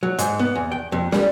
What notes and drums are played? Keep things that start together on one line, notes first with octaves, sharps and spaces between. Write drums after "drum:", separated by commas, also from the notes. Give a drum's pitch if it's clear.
F#3
G#2, drum: hi-hat
B3
E2
G5
F2
G3, drum: snare